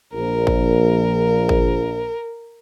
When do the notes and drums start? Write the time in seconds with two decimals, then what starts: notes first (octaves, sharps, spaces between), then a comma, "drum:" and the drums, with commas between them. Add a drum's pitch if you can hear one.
0.14 A#1 A#4
0.47 drum: kick G#1
1.49 drum: kick G#1